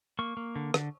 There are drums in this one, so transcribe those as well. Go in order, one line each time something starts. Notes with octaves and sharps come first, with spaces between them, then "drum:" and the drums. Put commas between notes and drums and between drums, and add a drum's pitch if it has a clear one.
A#3 C#6
A#3
D3
D3, drum: rim click